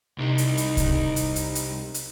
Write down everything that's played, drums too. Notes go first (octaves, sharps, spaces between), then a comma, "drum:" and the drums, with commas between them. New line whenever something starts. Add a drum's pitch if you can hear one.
C2 C3 D#4
drum: hi-hat
drum: hi-hat
drum: kick C2, hi-hat
drum: hi-hat
drum: hi-hat
drum: hi-hat
drum: hi-hat